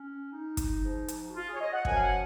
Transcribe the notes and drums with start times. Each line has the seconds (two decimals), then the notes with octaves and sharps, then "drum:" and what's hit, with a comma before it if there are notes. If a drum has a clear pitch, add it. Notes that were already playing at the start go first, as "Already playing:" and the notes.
Already playing: C#4
0.31 D#4
0.57 drum: kick, hi-hat
0.83 G#2 F3
1.08 drum: hi-hat
1.29 F#4
1.33 F4
1.47 G#4
1.54 C#5
1.60 D#5
1.72 F#5
1.85 F#2 F3 G#5, drum: kick
1.96 F5
2.02 F#5